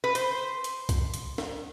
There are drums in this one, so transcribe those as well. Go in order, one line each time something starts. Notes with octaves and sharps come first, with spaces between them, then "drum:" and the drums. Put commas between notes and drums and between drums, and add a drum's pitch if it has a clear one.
B4
C5, drum: hi-hat
drum: hi-hat
drum: kick C2, hi-hat
drum: hi-hat
drum: snare